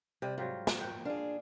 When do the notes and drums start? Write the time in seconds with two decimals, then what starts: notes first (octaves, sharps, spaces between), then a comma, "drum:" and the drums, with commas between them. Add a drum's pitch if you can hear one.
0.22 C3 G3
0.38 G#2 F#3 G3 F4
0.67 drum: snare
0.80 A#2 F#5 G5
1.05 D4 G#4 F5